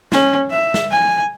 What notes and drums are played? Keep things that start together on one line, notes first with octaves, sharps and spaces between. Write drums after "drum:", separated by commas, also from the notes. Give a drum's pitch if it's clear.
C#4, drum: snare
E5
drum: snare
G#5